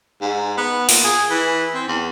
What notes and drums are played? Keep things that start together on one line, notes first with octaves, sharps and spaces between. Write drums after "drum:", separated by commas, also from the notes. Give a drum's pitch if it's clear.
G#2
B3
A#2, drum: open hi-hat
G#4
E3
C4
E2